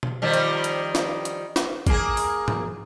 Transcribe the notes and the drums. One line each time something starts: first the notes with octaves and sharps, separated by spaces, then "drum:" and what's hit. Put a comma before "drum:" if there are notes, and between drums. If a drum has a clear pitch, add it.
drum: tom B2
D#3 F3 G3
drum: hi-hat
drum: hi-hat
drum: snare
drum: hi-hat
drum: snare
A#3 G#4, drum: kick G#1, hi-hat
drum: open hi-hat
drum: tom G#2